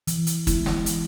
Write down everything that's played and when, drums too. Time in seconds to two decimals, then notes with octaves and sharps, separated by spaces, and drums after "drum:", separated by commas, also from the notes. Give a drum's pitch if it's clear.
0.07 E3, drum: hi-hat
0.27 drum: hi-hat
0.47 G#3 B3 E4, drum: kick, hi-hat
0.66 drum: snare
0.86 E3, drum: hi-hat